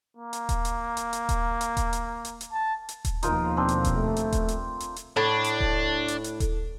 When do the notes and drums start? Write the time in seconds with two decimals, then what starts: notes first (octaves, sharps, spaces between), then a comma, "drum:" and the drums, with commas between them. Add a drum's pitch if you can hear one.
0.17 A#3
0.33 drum: hi-hat
0.49 drum: kick D#1, hi-hat
0.65 drum: hi-hat
0.97 drum: hi-hat
1.13 drum: hi-hat
1.29 drum: kick D#1, hi-hat
1.61 drum: hi-hat
1.77 drum: kick D#1, hi-hat
1.93 drum: hi-hat
2.25 drum: hi-hat
2.41 drum: hi-hat
2.52 A5
2.89 drum: hi-hat
3.05 drum: kick D#1, hi-hat
3.23 D#2 B2 F3 D#4 F4 A#4, drum: hi-hat
3.57 F2 C4 D4 C5
3.69 drum: hi-hat
3.84 drum: kick D#1, hi-hat
3.95 A3
4.16 drum: hi-hat
4.32 drum: kick D#1, hi-hat
4.48 drum: hi-hat
4.80 drum: hi-hat
4.96 drum: hi-hat
5.16 A2 D4
5.44 drum: hi-hat
5.60 drum: kick D#1
6.08 drum: hi-hat
6.24 drum: hi-hat
6.40 drum: kick D#1, hi-hat